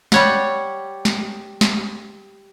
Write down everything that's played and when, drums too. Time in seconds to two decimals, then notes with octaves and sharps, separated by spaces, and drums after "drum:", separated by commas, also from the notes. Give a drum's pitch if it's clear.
0.12 G3 C#5 F#5, drum: snare
1.05 drum: snare
1.61 drum: snare